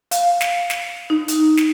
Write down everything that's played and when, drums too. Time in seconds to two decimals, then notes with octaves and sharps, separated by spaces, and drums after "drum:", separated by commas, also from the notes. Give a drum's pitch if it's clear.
0.11 F5, drum: hi-hat
0.41 drum: snare
0.70 drum: snare
1.10 D#4
1.28 drum: hi-hat
1.57 drum: snare